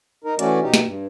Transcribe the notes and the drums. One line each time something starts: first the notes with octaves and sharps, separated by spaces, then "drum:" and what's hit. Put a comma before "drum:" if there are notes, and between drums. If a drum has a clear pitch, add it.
D#4 A#4
E3 A3 C#4 F#4 D5, drum: hi-hat
B2 D#4 G4
drum: snare
G2